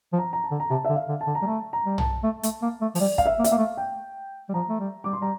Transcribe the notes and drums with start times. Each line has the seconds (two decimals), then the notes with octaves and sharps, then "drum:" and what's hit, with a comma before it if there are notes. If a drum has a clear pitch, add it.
0.13 F3
0.19 A#5
0.33 A#5
0.44 A5
0.51 D3
0.60 A#5
0.70 C3 A5
0.85 D3 E5
0.96 F5
1.09 D3
1.21 A5
1.27 D3
1.35 A#5
1.42 G3
1.46 A3 A5
1.73 A#5
1.85 G3
1.98 A5, drum: tom
2.24 A3
2.43 A3, drum: hi-hat
2.62 A#3
2.81 A3
2.95 F3, drum: open hi-hat
3.00 G3 D5
3.18 F5, drum: kick
3.26 E5
3.39 A#3
3.44 E5, drum: hi-hat
3.51 A#3 F5
3.58 A3
3.77 G5
4.49 G3
4.54 F3 A#5
4.69 A3
4.80 G3
5.04 G3 D6
5.13 C6
5.21 G3 A#5